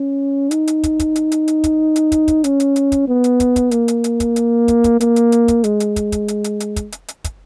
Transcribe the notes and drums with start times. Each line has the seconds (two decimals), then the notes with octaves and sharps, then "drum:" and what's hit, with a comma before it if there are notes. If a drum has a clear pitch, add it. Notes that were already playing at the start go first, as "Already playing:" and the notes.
Already playing: C#4
0.51 D#4, drum: hi-hat
0.67 drum: hi-hat
0.84 drum: kick, hi-hat
1.00 drum: kick, hi-hat
1.16 drum: hi-hat
1.32 drum: hi-hat
1.48 drum: hi-hat
1.64 drum: kick, hi-hat
1.96 drum: hi-hat
2.12 drum: kick, hi-hat
2.28 drum: kick, hi-hat
2.44 C#4, drum: hi-hat
2.60 drum: hi-hat
2.76 drum: hi-hat
2.92 drum: kick, hi-hat
3.08 B3
3.24 drum: hi-hat
3.40 drum: kick, hi-hat
3.56 drum: kick, hi-hat
3.71 A#3, drum: hi-hat
3.88 drum: hi-hat
4.04 drum: hi-hat
4.20 drum: kick, hi-hat
4.36 drum: hi-hat
4.68 drum: kick, hi-hat
4.84 drum: kick, hi-hat
5.01 A#3, drum: hi-hat
5.16 drum: hi-hat
5.32 drum: hi-hat
5.48 drum: kick, hi-hat
5.64 G#3, drum: hi-hat
5.80 drum: hi-hat
5.96 drum: kick, hi-hat
6.12 drum: kick, hi-hat
6.28 drum: hi-hat
6.44 drum: hi-hat
6.60 drum: hi-hat
6.76 drum: kick, hi-hat
6.92 drum: hi-hat
7.08 drum: hi-hat
7.24 drum: kick, hi-hat